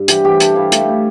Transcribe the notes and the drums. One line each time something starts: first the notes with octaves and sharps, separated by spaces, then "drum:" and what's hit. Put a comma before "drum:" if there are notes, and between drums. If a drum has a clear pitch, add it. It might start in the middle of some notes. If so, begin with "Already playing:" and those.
Already playing: G2
E3 G4, drum: hi-hat
E3 G4
E4 A4, drum: hi-hat
E4 F5
A3, drum: hi-hat
E4